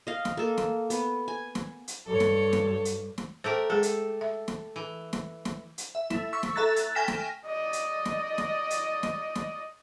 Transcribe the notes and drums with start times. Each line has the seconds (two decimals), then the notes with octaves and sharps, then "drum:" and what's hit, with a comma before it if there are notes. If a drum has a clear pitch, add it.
0.07 D#5 F5
0.25 drum: snare
0.37 A#3 A4
0.58 drum: snare
0.90 B3, drum: hi-hat
1.28 G#5
1.55 drum: snare
1.88 drum: hi-hat
2.07 G2 A4 C#5
2.20 drum: snare
2.53 drum: snare
2.85 drum: hi-hat
3.18 drum: snare
3.44 A3 G4 A#4 C5
3.70 G#3 G#4 A4
3.83 drum: hi-hat
4.21 E5
4.48 drum: snare
4.76 E3
5.13 drum: snare
5.45 drum: snare
5.78 drum: hi-hat
5.95 E5
6.10 A3 E4, drum: snare
6.33 C#6 E6 B6
6.43 drum: snare
6.56 A4 E5 A#5 F#6 A6
6.76 A6, drum: hi-hat
6.95 G5 G#5 F6 A#6 B6 E7
7.08 drum: snare
7.46 D5 D#5
7.73 drum: hi-hat
8.05 drum: snare
8.38 drum: snare
8.70 drum: hi-hat
9.03 drum: snare
9.35 drum: snare